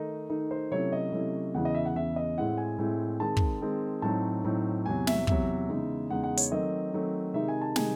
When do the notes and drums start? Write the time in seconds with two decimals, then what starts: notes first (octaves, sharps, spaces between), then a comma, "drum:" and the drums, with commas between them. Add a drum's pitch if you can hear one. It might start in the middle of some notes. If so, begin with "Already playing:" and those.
Already playing: D#3 A3 D#4 D#5
0.30 D#3 A3 D#4
0.51 C5
0.71 C3 F#3 A3 C#4 E4 C#5
0.93 D#5
1.12 C3 F#3 A3 C#4 E4
1.54 E2 C#3 E3 F#5
1.65 D#5
1.75 E5
1.85 F#5
1.95 E2 C#3 E3 E5
2.16 D#5
2.37 A2 G#3 C4 E4 F#5
2.58 G#5
2.78 A2 G#3 C4 E4
3.20 D#3 G#3 C4 A5
3.37 drum: kick
3.62 D#3 G#3 C4
4.02 A2 F#3 C4 D#4 A5
4.44 A2 F#3 C4 D#4
4.86 E2 C3 F#3 G#5
5.07 E5, drum: snare
5.27 E2 C3 F#3 E5, drum: kick
5.69 E2 C#3 G#3 D#4
6.10 E2 C#3 G#3 D#4 F#5
6.23 F#5
6.37 C#5, drum: hi-hat
6.51 D#3 F#3 A3 C4 D#5
6.93 D#3 F#3 A3 C4
7.34 C3 D#3 G#3 D#4 E5
7.48 G#5
7.61 A5
7.76 C3 D#3 G#3 D#4 G#5, drum: snare